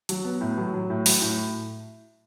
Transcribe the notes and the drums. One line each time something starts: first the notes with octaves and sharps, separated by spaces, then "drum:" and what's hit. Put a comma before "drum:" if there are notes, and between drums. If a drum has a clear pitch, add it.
F#3, drum: hi-hat
B3
A2
F#3
F#3
A2
F#3, drum: open hi-hat
A2